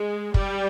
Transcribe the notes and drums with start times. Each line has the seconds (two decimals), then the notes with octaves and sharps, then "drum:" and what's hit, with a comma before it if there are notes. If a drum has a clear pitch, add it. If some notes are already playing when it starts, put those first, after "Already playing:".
Already playing: G#3
0.34 G3, drum: kick